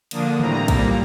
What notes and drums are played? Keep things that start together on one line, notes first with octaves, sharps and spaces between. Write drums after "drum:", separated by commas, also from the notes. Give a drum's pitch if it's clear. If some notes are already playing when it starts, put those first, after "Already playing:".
D3 F3 A#3 D4 D#6, drum: cymbal
A2 G3 C4 A#5, drum: tom D#3
A#2 G3 A#3, drum: kick, cymbal